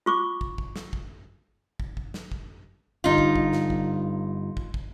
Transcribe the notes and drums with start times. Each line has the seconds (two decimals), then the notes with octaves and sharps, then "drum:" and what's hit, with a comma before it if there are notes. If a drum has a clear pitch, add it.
0.06 F4 C#6 D6
0.41 drum: kick
0.58 drum: kick
0.76 drum: snare
0.93 drum: kick
1.80 drum: kick
1.97 drum: kick
2.14 drum: snare
2.32 drum: kick
3.04 G1 G2 D3 D#4 F4
3.18 drum: kick
3.35 drum: kick
3.53 drum: snare
3.70 drum: kick
4.57 drum: kick
4.74 drum: kick